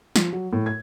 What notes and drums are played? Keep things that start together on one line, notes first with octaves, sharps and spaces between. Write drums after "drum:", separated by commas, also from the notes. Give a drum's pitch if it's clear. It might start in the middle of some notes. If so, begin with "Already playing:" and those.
F3, drum: snare
F#3
A2
G#6